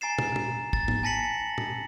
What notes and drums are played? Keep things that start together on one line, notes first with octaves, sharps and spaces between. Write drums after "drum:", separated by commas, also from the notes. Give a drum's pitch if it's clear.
G#5 A#5 A6 C7 E7
drum: tom
drum: tom
A6, drum: kick
drum: tom G#2
G#5 A5 A#6 B6 C#7 F#7
drum: tom